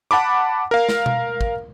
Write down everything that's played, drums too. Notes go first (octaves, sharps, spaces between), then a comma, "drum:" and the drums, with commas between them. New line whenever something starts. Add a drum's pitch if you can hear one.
F#5 A5 B5 D6
A#4 F5
drum: snare
drum: tom B2
drum: kick